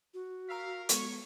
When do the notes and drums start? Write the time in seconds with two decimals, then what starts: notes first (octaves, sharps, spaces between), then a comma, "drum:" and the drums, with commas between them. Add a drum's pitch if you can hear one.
0.14 F#4
0.49 A#4 F5 A#5 E6 B6
0.89 G#3 B3 A4 C#5 C#6, drum: hi-hat